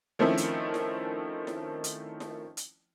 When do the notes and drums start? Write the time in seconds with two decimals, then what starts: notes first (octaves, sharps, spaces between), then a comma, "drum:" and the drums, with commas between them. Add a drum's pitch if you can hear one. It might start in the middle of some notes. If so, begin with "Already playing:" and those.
0.19 D#3 F3 A3 C4 C#4 E4
0.37 drum: hi-hat
0.74 drum: snare E4
1.47 drum: snare E4
1.84 drum: hi-hat
2.20 drum: snare E4
2.57 drum: hi-hat